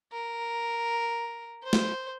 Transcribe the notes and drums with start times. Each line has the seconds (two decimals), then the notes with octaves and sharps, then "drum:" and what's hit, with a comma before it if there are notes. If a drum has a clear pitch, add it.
0.12 A#4
1.63 C5
1.73 drum: snare